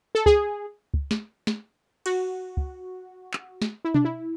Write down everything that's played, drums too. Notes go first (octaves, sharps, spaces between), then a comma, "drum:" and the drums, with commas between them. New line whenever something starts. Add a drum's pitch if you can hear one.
A4
G#4, drum: kick
drum: kick
drum: snare
drum: snare
F#4, drum: cymbal
drum: kick
drum: clap
drum: snare
E4
D4, drum: tom B2
E4